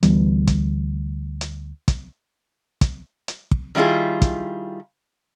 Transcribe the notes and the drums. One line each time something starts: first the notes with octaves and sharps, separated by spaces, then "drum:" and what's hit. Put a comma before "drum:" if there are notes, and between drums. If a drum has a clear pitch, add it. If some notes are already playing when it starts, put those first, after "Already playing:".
D2 E3 G3 B3, drum: hi-hat
drum: kick, hi-hat
drum: hi-hat
drum: kick, hi-hat
drum: kick, hi-hat
drum: hi-hat
drum: kick
D#3 G3 E4 F4 G#4
drum: kick, hi-hat